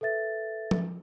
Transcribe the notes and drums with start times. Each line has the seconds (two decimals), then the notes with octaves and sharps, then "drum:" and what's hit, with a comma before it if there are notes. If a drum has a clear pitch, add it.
0.01 A4 B4 E5 A6
0.71 drum: tom F3